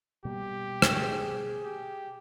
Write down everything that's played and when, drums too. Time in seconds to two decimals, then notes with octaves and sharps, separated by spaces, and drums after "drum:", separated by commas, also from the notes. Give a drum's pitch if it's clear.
0.25 B2 G3 A#3 G4
0.82 drum: rim click
0.94 G#4
1.65 G4